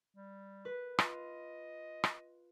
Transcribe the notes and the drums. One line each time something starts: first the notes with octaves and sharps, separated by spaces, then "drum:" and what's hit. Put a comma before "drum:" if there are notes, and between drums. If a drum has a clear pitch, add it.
G3
B4
F4 D#5, drum: rim click
drum: rim click